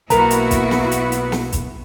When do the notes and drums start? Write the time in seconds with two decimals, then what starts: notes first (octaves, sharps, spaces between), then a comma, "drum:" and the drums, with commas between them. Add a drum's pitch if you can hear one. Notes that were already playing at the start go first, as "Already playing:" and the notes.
0.10 B1 B2 A#3 B3 E4 F#4 A#4 A#5, drum: hi-hat
0.30 drum: hi-hat
0.51 drum: kick, hi-hat
0.71 drum: snare
0.91 drum: hi-hat
1.12 drum: hi-hat
1.32 drum: snare
1.52 drum: kick, hi-hat